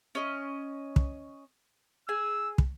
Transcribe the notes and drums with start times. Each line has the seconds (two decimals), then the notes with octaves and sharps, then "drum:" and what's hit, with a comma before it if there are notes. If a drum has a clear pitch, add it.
0.15 C#4 D#5
0.96 drum: kick
2.09 G#4 G#5 E6
2.58 drum: kick